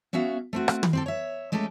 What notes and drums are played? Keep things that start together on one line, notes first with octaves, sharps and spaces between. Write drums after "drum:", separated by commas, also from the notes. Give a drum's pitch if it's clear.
B3 C#4 F#4 E5 F5
A3 C4 F#4
drum: rim click
drum: tom
C4 G4 A4
C#5 E5
G#3 A3 C#4 G4 A4